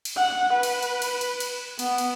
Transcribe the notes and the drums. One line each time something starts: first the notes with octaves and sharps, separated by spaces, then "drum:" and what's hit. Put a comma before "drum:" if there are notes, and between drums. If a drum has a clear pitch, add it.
drum: cymbal
F#5
B4
drum: cymbal
drum: cymbal
drum: cymbal
drum: cymbal
drum: cymbal
B3, drum: cymbal
drum: cymbal